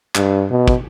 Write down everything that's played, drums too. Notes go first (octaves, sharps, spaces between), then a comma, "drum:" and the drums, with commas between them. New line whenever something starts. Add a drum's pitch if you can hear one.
G2, drum: clap
B2
drum: kick